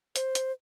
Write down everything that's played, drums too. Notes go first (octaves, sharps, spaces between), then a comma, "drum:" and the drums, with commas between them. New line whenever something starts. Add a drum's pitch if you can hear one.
C5, drum: hi-hat
drum: hi-hat